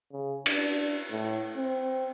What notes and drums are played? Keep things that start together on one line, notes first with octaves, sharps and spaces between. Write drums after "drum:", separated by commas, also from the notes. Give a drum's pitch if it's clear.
C#3
D4, drum: cymbal
A2
C4